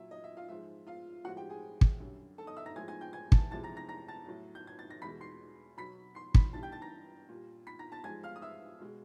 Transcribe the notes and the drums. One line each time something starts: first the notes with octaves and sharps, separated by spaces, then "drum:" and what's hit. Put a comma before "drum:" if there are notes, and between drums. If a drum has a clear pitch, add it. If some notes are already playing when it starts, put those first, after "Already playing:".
Already playing: A#2 F#3 E5
D#5
E5
F4 F5
G#2 F3 G#3 E5
F4 F5
A2 F3 G#3 F#4 F#5
G4 G5
G#4 G#5
drum: kick
F#2 D3 G3
A4 A5
D#5 D#6
E5 E6
A#5 A#6
A2 F3 G#3 G#5 G#6
G#5 G#6
G5 G6
G#5 G#6
A5 A6, drum: kick
F2 C3 E3 G#3 A5 A6
A#5 A#6
A#5 A#6
A#5 A#6
A5 A6
A2 F#3
G6
G#6
A6
A#6
E2 B2 G#3 B5 B6
C6 C7
B2 F#3 B5 B6
C6 C7
B5 B6, drum: kick
G2 E3 G3 A5 A6
G5 G6
A5 A6
A#5 A#6
A#2 G3
B5 B6
A#5 A#6
A5 A6
G#2 F3 G#3 G#5 G#6
F5 F6
D#6
E5 E6
B2 G#3